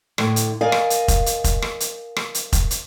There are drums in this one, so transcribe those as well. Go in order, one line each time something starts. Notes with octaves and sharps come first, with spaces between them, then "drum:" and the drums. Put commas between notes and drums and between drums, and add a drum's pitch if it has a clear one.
A2 D3, drum: rim click
drum: hi-hat
A#4 D5 D#5 F5 G#5
drum: rim click
drum: hi-hat
drum: kick, hi-hat
drum: hi-hat
drum: kick, hi-hat
drum: rim click
drum: hi-hat
drum: rim click
drum: hi-hat
drum: kick, hi-hat
drum: hi-hat